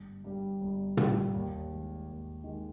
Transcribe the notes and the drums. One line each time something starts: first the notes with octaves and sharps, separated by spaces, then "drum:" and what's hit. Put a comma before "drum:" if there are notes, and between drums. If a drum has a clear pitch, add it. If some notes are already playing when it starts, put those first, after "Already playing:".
Already playing: G1
G2 G3
G1
G2 G3, drum: tom
D#2
D#3 G#3
D#2
D#3 G#3